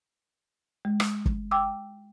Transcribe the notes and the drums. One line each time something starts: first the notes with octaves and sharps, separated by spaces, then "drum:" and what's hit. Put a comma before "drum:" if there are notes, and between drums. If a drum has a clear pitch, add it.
G#3
drum: rim click
drum: kick
G5 D6 E6